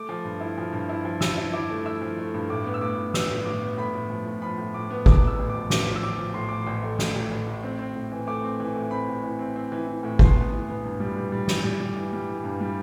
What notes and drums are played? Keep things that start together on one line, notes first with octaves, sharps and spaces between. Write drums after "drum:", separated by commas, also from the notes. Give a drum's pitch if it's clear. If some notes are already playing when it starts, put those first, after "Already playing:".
Already playing: A3 D6
F3
G2
E4
F3
G2
E4
F3
F3 E6, drum: snare
E4
E4 D6
A3
E4 E6
F3
A3
G2
A2 D6
B3
E6
A2 D6
A2
B3 E6, drum: snare
A2
A2 D6
B3
A2 B5
A2
F3
A2
F3 B5
A2
A2 D6
B3
A1 D6, drum: kick
A2 E6
A1
F3 D6
A2 D6, drum: snare
F3
E6
F3 D6
F3
A2 C6
A1 D6
C6
A1
A3
A1, drum: snare
A1
A1
A2
C4
C4
A2
E3
A3 D6
C4
E3
A2
C4 B5
A2
E3
C4
C4
E3
E3
A2
B3 C6, drum: kick
B3
E3
B3
G2
G3
G3
G3
E3, drum: snare
G3
G3
E3
G3
E3
G2
G3